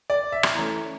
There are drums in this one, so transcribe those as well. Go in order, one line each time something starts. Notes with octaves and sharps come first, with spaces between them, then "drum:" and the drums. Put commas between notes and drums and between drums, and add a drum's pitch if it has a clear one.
D5
E5
drum: rim click
E3 A3 C#4 A#5